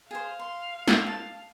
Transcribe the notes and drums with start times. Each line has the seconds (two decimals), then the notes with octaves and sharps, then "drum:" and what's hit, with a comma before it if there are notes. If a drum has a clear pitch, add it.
0.11 G#4 C5 F5
0.39 C6
0.88 drum: snare
1.07 A5